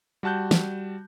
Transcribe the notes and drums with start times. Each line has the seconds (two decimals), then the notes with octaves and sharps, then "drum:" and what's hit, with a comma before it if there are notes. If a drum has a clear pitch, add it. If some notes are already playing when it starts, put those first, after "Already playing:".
0.23 G3 F#4 A5 F#6 G6
0.51 drum: snare